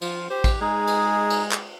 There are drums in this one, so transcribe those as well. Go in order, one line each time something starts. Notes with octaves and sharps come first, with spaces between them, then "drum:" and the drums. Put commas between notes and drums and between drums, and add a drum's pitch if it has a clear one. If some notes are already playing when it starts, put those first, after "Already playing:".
F3 F4, drum: cymbal
G4 C5
drum: kick, cymbal
G#3 D#4 G#4
drum: cymbal
drum: cymbal
drum: clap